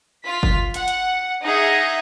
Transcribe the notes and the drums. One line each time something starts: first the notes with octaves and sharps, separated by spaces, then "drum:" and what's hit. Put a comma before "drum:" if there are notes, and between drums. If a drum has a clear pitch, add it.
F4 B6
drum: kick F#1
F#5, drum: hi-hat
drum: hi-hat
D#4 G#4 D#5 E5 F#5